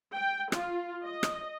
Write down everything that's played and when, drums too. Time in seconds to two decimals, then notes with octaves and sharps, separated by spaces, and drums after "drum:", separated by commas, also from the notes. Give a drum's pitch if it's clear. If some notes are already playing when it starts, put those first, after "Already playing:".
0.14 G5
0.52 F4, drum: rim click
1.04 D#5
1.23 drum: rim click